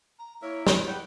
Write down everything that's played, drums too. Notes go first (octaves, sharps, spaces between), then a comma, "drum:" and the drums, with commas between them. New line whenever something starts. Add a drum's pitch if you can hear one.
A#5
A#3 E4 A#4 C#5 E5
B4 C6, drum: snare
G3 G4 B4 F#5 G5